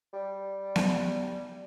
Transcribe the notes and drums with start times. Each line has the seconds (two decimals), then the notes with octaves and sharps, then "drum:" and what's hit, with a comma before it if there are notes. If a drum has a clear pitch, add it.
0.13 G3
0.76 drum: snare B3